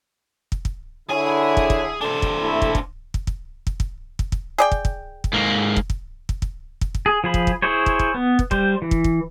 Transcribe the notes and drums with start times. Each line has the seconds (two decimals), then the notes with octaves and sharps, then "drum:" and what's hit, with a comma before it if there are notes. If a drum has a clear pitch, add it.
0.52 drum: kick
0.65 drum: kick
1.09 D3 E4 G#4 C#5 G#5
1.57 drum: kick
1.70 drum: kick
2.01 D4 A4 C5
2.22 drum: kick
2.41 A3 E4
2.62 drum: kick
2.75 drum: kick
3.14 drum: kick
3.27 drum: kick
3.67 drum: kick
3.80 drum: kick
4.19 drum: kick
4.32 drum: kick
4.58 G#4 D5 G5
4.72 drum: kick
4.85 drum: kick
5.24 drum: kick
5.33 G#2 A#3
5.76 drum: kick
5.90 drum: kick
6.29 drum: kick
6.42 drum: kick
6.81 drum: kick
6.95 drum: kick
7.06 G#4
7.24 F3 G#4 B5
7.34 drum: kick
7.47 drum: kick
7.62 E4 G#4 C5 C#5
7.86 drum: kick
7.99 drum: kick
8.14 B3
8.39 drum: kick
8.51 G3 C5, drum: kick
8.82 E3
8.91 drum: kick
9.04 drum: kick